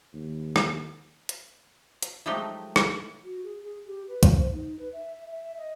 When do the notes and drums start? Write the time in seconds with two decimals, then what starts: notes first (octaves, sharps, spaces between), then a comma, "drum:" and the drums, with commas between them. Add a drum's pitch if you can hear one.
0.13 D#2
0.56 drum: rim click
1.29 drum: hi-hat
2.03 drum: hi-hat
2.26 F3 F#3 G#3 A3 D#4 G4
2.76 drum: rim click
3.24 F#4
3.43 G#4
3.63 G#4
3.86 G4
4.08 B4
4.23 drum: kick, hi-hat
4.37 C5
4.53 D#4
4.79 B4
4.93 E5
5.31 E5
5.57 D#5